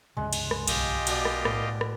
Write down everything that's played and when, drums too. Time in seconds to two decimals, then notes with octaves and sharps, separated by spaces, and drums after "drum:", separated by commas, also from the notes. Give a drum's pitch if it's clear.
0.17 C#2 G2 C3 G#3
0.33 drum: cymbal
0.51 drum: rim click
0.68 B1 F4 G4 D#5, drum: cymbal
1.07 B2 D5, drum: cymbal
1.25 drum: rim click
1.45 A2, drum: rim click
1.81 drum: rim click